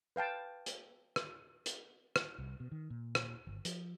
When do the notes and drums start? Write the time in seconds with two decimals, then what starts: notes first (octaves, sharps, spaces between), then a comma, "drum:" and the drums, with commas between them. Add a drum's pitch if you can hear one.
0.16 B4 F5 G5 A5
0.66 drum: hi-hat
1.16 drum: rim click
1.66 drum: hi-hat
2.16 drum: rim click
2.38 C2
2.60 B2
2.72 D#3
2.90 A#2
3.15 drum: rim click
3.47 G1
3.65 F3, drum: hi-hat